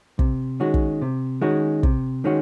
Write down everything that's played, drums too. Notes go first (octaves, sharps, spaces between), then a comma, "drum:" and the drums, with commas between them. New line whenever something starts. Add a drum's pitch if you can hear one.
C3, drum: kick
D#3 G#3 C#4 F#4
drum: kick
C3
D#3 G#3 C#4 F#4
C3, drum: kick
D#3 G#3 C#4 F#4